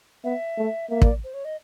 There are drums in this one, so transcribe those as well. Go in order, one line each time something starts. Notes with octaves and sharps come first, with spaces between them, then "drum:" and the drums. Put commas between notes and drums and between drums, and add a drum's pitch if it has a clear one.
B3 E5
A3
A#3 E5
D5, drum: kick
C5
C#5
D#5